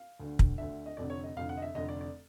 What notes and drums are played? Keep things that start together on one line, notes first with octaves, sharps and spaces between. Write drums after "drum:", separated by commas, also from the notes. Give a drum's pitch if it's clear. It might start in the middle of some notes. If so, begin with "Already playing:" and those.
Already playing: F5
D2 D3
drum: kick
D2 D3 E5
D#5
F1 F2 D3 D5
C#5
D#5
F1 F2 D3 F5
F#5
D#5
E5
F1 F2 D3 D#5
D5
D5